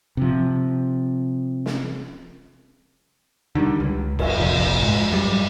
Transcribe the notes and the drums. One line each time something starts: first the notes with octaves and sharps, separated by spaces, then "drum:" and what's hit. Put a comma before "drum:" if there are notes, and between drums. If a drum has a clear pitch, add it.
C3 F3
drum: snare
D3 D#3 F#3 G3
C#2
F#1, drum: cymbal
F1 A#1
G#2
F#2 G3